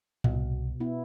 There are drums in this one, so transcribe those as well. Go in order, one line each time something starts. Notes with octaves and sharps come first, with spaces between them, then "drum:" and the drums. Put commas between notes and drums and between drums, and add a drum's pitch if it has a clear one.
C2 B2, drum: tom A2
B3 E4